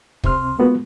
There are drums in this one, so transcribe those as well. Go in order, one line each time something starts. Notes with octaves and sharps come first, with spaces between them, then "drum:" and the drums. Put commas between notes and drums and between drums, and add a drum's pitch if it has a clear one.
C#2 C3 C4 C6 F6, drum: kick
G#3 A#3 B3 F4 F#4